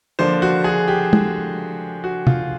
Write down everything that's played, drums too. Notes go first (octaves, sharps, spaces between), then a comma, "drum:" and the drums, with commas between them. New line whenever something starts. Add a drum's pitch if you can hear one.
D3 F3 A#3 D4 C5
F#4
G#4
G4
drum: tom
F#4
F4, drum: tom